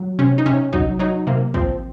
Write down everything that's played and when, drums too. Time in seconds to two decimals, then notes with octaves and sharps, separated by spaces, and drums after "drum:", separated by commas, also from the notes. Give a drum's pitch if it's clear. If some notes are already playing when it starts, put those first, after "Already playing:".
Already playing: F#3
0.19 C3 C#4
0.38 D#4
0.46 C3 C#4
0.73 F#3 D#4, drum: kick A1
0.99 F#3 D#4
1.27 C3 A#3
1.54 F3 C4, drum: kick A1